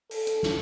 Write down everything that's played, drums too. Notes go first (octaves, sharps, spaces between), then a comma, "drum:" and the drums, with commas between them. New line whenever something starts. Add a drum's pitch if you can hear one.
A4, drum: open hi-hat
drum: hi-hat
drum: snare